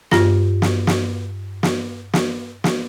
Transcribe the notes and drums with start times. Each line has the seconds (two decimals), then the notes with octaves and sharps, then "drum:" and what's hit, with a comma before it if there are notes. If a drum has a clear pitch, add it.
0.11 G2 F4 A#6, drum: snare
0.62 drum: snare
0.87 drum: snare
1.63 drum: snare
2.13 drum: snare
2.64 drum: snare